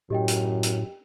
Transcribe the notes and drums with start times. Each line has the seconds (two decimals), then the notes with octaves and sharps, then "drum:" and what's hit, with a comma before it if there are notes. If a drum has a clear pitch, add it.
0.10 F#2 A2 G4 D#5 G5
0.28 drum: hi-hat
0.63 drum: hi-hat